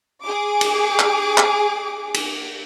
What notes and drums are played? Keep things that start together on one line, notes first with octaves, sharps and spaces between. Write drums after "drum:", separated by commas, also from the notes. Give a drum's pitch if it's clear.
G#4 D6
drum: cymbal
drum: clap
drum: clap
drum: cymbal